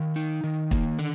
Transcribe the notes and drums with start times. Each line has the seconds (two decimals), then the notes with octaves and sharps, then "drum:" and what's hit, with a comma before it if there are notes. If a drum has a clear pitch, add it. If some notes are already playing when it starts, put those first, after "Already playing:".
Already playing: D#3 F5
0.16 D#4
0.44 D#3
0.71 A#3, drum: kick
0.99 D3